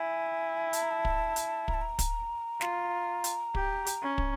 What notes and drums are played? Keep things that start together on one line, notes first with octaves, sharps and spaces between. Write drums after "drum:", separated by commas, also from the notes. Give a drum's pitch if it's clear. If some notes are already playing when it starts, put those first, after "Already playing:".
Already playing: E4 G#5
A5, drum: hi-hat
A#5
A5
drum: kick
drum: hi-hat
A#5, drum: kick
A5
A#5
drum: kick, hi-hat
F4, drum: snare
drum: hi-hat
G4, drum: kick
drum: hi-hat
C#4
drum: kick